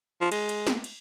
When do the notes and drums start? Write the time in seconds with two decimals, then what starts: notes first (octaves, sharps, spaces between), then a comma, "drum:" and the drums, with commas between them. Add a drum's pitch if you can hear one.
0.21 F3
0.32 G#3, drum: cymbal
0.49 drum: cymbal
0.67 drum: snare
0.84 drum: cymbal